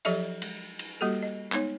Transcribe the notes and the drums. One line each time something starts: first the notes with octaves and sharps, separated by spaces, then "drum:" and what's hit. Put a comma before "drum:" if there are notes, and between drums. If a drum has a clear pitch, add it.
F3 F#3 G4 A4 D#5 E5, drum: cymbal
G#3, drum: cymbal
drum: cymbal
G3 A#3 F#4 G4 A4
D#5
G#3 B3 D#4 C#5, drum: clap